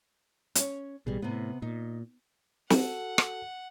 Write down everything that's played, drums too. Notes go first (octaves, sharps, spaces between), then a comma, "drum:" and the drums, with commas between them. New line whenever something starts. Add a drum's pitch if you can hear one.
C#4 C#5, drum: hi-hat
A1 B2 G3 G#4
A2 C3 B3
A#2 D#4
F#4 A4 F#5, drum: snare
drum: rim click